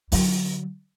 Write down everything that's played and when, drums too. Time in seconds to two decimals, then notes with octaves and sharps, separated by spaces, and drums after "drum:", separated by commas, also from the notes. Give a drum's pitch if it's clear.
0.12 D3 F#3, drum: open hi-hat